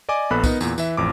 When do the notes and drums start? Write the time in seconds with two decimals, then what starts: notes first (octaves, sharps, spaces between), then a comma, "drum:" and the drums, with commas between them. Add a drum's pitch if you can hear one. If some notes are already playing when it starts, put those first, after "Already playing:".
0.09 D5 D#5 G#5 D6
0.30 A#1 B3 A4 B5 F#6
0.44 B3 D#4 A#4, drum: kick, tambourine
0.61 E2 A#2, drum: tambourine
0.78 E3 E5, drum: tambourine
0.97 A1 F2 D6